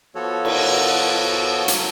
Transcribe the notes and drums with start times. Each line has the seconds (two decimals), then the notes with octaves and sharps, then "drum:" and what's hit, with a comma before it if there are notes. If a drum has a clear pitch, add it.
0.15 F3 B3 F#4 A4 C#5
0.45 drum: cymbal
1.68 F#3, drum: hi-hat